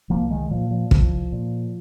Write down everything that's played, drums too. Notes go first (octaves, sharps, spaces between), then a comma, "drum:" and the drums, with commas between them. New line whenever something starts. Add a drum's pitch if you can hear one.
C2 F3 A#3
D#3 G#3
A#2 F3
F3
C2 F3, drum: kick
A#2